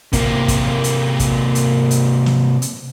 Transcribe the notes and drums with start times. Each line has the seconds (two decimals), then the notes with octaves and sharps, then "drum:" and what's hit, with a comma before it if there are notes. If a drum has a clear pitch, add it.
0.13 C3 A#3, drum: kick, hi-hat
0.48 drum: kick, hi-hat
0.84 drum: hi-hat
1.19 drum: kick, hi-hat
1.55 drum: hi-hat
1.91 drum: hi-hat
2.26 drum: snare
2.62 drum: hi-hat